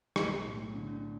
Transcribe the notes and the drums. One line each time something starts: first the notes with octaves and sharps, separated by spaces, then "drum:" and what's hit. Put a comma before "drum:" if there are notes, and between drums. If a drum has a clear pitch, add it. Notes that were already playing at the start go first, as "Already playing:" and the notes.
B1 B5, drum: rim click
A2
D3